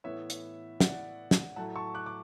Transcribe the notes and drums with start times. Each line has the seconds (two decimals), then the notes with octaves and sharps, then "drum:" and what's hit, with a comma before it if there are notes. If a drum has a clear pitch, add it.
0.04 A2 E3 B3 E4 C#5 E5
0.30 drum: hi-hat
0.81 D5 F#5, drum: snare
1.31 drum: snare
1.56 A2 F#3 A3 F#5 A5
1.76 A5 C#6
1.94 D6 F#6
2.06 D6